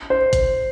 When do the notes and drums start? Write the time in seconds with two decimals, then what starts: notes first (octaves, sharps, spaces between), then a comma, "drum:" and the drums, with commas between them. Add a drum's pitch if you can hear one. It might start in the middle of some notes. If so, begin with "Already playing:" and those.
0.10 C5
0.33 drum: kick G#1, hi-hat